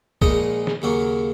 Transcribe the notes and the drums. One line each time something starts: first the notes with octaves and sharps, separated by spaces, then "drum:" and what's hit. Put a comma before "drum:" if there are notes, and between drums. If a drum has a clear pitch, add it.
A#1 A#2 G#3 D#4 D#5, drum: kick
drum: snare
D#2 C#3 F#3 A#3